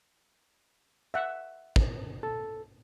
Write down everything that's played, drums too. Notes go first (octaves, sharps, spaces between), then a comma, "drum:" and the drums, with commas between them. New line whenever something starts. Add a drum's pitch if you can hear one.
E5 F#5
drum: kick
A4